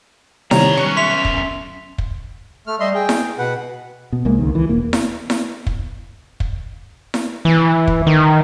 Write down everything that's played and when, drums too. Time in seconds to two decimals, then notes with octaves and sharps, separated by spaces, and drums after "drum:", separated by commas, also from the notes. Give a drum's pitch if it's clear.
0.51 A2 C3 D#3 G3 C#5 A#5, drum: snare E4
0.78 B1 C#4 C#6 F#6 C#7
0.97 E5 C6 B6 F7
1.25 drum: kick
1.98 drum: kick
2.67 A3 F6
2.80 G3 D#5 E5 C6
2.95 G#4 G5
3.09 drum: snare E4
3.39 B2 B4 F#5
4.12 B2
4.25 C2 C3 G#3 A#3
4.38 C#2 D#3
4.55 E3
4.69 E1 A#3
4.93 drum: snare E4
5.30 drum: snare E4
5.67 drum: kick
6.40 drum: kick
7.14 drum: snare E4
7.45 E3
7.87 drum: kick
8.07 D#3